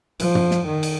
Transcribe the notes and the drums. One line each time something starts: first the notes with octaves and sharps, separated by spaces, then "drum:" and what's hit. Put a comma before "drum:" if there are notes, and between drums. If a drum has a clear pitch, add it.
F3, drum: cymbal
drum: tom
drum: snare
D#3
drum: cymbal